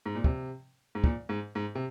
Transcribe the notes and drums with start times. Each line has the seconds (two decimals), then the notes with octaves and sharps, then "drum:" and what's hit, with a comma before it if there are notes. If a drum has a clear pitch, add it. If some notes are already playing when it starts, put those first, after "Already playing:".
0.06 G#2
0.15 A#2
0.24 C3, drum: kick
0.95 G#2
1.04 A#2, drum: kick
1.29 G#2
1.55 G#2
1.75 C3